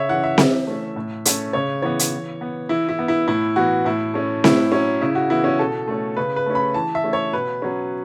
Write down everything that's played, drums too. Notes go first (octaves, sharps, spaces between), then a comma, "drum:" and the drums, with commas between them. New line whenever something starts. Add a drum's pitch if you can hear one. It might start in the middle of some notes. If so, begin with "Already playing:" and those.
Already playing: C#3 C#5 E5
E3 C#4 F#5
E5
E3, drum: snare C4
A3 C#4
A2
A3 C#4, drum: hi-hat
C#3 C#5
E3 B3 C#5
drum: hi-hat
E3
B3
E3 E4
E4
B3
E4
A2 E4
E3 B3 F#4
A2 E4
A3 C#4
A2 E4, drum: snare C4
F#3 C#4
C#3 E4
F#4
E3 B3 E4
C#4
B2 A4
A3 C#4
C#3 B4
B4
A3 C#4
B5
E3 A5
E5
A3 C#4
C#5
B2 B4
F#3 C#4